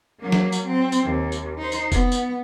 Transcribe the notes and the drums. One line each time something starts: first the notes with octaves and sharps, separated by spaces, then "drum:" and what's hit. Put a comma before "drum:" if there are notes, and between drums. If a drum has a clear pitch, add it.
F#3 A#3
drum: snare F#3
drum: tambourine
C4
drum: tambourine
D#2
drum: tambourine
D#4 C5
drum: tambourine
B3, drum: kick F1, tambourine
drum: tambourine